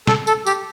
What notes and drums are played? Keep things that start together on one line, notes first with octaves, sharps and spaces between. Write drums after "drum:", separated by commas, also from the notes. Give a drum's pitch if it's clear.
A4, drum: snare
A4, drum: tambourine
G4, drum: tambourine